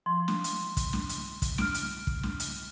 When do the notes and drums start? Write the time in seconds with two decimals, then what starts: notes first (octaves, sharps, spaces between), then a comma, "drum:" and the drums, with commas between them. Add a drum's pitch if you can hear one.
0.06 F3 C6
0.28 drum: snare
0.44 drum: hi-hat
0.77 drum: kick, hi-hat
0.93 drum: snare
1.09 drum: hi-hat
1.42 drum: kick, hi-hat
1.58 F6 D7, drum: snare
1.74 drum: hi-hat
2.07 drum: kick
2.23 drum: snare
2.40 drum: hi-hat